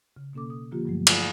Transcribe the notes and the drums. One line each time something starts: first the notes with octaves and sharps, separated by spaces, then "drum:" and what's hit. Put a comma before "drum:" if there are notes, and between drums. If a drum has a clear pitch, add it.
C#3
B2 A#3 C#4 A4 D6
D#6
D3 F3 A#3 F4 G4
G2 F3 F#3 G#3 A3
F4, drum: cymbal